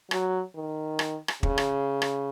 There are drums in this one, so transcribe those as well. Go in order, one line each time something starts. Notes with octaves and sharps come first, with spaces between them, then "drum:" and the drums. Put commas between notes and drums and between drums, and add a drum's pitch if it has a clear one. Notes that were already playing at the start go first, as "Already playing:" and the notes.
F#3, drum: rim click
D#3
drum: rim click
drum: rim click
C#3, drum: kick
drum: rim click
drum: rim click